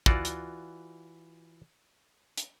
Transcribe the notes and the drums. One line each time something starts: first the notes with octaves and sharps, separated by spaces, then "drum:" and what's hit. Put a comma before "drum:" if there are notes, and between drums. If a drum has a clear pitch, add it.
E3 F4 F#4 D5, drum: kick
drum: hi-hat
drum: hi-hat